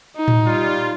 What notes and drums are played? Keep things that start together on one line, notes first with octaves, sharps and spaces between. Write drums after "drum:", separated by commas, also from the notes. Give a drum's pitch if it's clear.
D#4
drum: tom A2
G3 F4